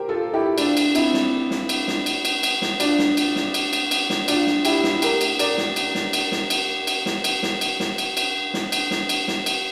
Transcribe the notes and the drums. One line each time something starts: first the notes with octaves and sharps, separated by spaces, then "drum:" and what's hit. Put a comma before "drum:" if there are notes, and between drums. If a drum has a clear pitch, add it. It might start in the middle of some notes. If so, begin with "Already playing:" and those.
Already playing: G4 A#4 C5
F4 A4
E4 G4
D4 F4, drum: cymbal
drum: cymbal
C4 E4, drum: cymbal
drum: snare
drum: snare
drum: cymbal
drum: snare
drum: cymbal
drum: cymbal
drum: cymbal
drum: snare
D4 F4, drum: cymbal
drum: snare
drum: cymbal
drum: snare
drum: cymbal
drum: cymbal
drum: cymbal
drum: snare
D4 F4, drum: cymbal
drum: snare
E4 G4, drum: cymbal
drum: snare
G4 A#4, drum: cymbal
drum: cymbal
A#4 D5, drum: cymbal
drum: snare
drum: cymbal
drum: snare
drum: cymbal
drum: snare
drum: cymbal
drum: cymbal
drum: snare
drum: cymbal
drum: snare
drum: cymbal
drum: snare
drum: cymbal
drum: cymbal
drum: snare
drum: cymbal
drum: snare
drum: cymbal
drum: snare
drum: cymbal